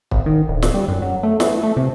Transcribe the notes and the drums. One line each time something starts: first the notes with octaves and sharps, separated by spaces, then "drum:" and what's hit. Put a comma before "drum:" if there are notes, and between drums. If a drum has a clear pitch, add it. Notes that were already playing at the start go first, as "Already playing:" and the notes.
G#1, drum: kick
D#3
D1
drum: snare
G3
F#2
F#3
A3
E3, drum: snare
A3
C3